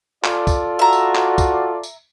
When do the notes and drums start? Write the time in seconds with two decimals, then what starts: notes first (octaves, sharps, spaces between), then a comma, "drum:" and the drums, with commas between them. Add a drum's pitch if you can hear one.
0.24 F4 A4 D5, drum: clap
0.47 drum: kick, tambourine
0.79 F#4 E5 A#5
0.93 drum: tambourine
1.15 drum: clap
1.38 drum: kick, tambourine
1.83 drum: tambourine